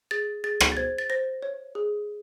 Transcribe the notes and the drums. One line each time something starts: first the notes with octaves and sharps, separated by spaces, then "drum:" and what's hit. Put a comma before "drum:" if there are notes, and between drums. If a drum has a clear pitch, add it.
G#4 A6
G#4 A6
drum: rim click
A6
C5 G#6
A6
C5 A#6
C#5
G#4